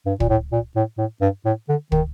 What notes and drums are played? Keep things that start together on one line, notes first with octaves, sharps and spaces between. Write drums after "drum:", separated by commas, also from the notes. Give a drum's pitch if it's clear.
G2
A#2, drum: kick
A2
A#2
A2
A2
G2
A2
D3
D#3, drum: kick